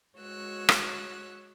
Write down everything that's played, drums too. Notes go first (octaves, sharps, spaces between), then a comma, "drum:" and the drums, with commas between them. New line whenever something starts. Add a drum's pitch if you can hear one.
G#3 F#4 C#5 E6 F#6
drum: rim click